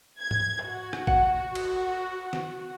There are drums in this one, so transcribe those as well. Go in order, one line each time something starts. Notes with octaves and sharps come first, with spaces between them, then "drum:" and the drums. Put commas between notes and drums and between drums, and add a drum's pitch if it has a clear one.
G#6
drum: tom G#2
F#4
drum: rim click
F#5, drum: kick
drum: cymbal
drum: snare